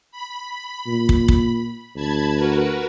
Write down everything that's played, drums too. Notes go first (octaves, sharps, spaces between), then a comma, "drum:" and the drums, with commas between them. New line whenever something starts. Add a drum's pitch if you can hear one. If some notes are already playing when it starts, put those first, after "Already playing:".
B5
A#2
drum: kick
drum: kick
D2 A5 B5 G#6
F#4 A#4 B4